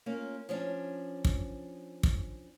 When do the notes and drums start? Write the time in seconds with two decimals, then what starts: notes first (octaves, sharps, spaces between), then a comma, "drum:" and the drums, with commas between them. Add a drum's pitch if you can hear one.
0.06 A#3 C#4 F4
0.49 F3 C#4 D4
1.25 drum: kick
2.03 drum: kick